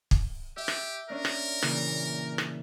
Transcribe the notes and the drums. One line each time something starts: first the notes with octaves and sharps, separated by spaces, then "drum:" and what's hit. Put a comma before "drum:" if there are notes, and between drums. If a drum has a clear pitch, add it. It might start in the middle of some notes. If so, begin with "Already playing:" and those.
drum: kick
G4 E5
drum: rim click
C#4 D4 A#4
drum: rim click
A#2 C#3 E3, drum: rim click
drum: rim click